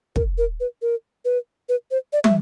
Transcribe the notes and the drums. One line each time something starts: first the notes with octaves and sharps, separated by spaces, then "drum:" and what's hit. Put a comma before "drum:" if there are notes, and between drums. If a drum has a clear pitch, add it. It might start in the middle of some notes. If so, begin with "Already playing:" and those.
A#4, drum: kick
A#4
B4
A#4
B4
B4
C5
D5
E5, drum: tom